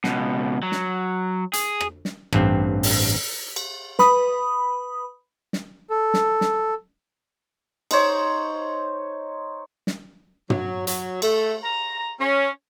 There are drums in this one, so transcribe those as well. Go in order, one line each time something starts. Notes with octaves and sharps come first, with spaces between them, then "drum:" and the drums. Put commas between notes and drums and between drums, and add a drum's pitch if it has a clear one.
C#2 B2, drum: snare
F#3
drum: snare
G#4, drum: hi-hat
drum: rim click
drum: snare
A1 G2 C4, drum: rim click
drum: open hi-hat
drum: cymbal
B4 B5 D#6, drum: snare
drum: snare
A4
drum: snare
drum: snare
D#4 C5 C#5, drum: cymbal
drum: snare
F#3, drum: tom
F#3, drum: hi-hat
A3, drum: cymbal
A#5
C#4